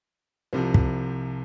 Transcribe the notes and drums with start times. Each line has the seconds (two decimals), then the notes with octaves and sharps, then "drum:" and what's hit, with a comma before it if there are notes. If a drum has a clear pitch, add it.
0.53 C2 C3 F3
0.74 drum: kick